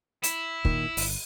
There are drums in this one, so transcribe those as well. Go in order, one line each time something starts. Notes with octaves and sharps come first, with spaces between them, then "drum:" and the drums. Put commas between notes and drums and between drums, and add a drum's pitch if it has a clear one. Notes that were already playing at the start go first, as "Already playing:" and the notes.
E4, drum: hi-hat
A#2 D#3, drum: kick
G1, drum: open hi-hat